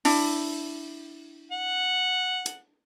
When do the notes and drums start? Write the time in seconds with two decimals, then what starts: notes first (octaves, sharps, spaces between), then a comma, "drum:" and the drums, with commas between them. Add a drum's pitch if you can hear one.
0.05 D4 E4, drum: open hi-hat
1.52 F#5
2.46 drum: hi-hat